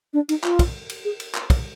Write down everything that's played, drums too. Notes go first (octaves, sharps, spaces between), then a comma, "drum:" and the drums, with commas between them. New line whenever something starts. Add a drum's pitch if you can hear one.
D4
D#4, drum: cymbal
F4, drum: clap
drum: kick, cymbal
drum: cymbal
G#4
drum: cymbal
drum: clap
drum: kick, cymbal